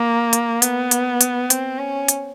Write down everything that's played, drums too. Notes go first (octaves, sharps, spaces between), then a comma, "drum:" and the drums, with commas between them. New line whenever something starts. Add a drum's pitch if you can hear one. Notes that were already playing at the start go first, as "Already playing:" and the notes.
Already playing: A#3
drum: hi-hat
B3, drum: hi-hat
drum: hi-hat
drum: hi-hat
C4, drum: hi-hat
C#4
drum: hi-hat